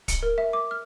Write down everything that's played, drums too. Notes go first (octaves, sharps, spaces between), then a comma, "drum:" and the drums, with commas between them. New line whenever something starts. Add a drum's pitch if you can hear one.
C#7, drum: kick D1, hi-hat
A#4
E5
D6
F6